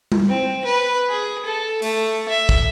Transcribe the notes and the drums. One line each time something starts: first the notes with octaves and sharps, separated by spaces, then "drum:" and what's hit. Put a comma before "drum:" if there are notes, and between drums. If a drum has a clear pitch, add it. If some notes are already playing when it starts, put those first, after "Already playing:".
drum: tom G3
C4
B4
G#4
A4
A3, drum: open hi-hat
E5
drum: kick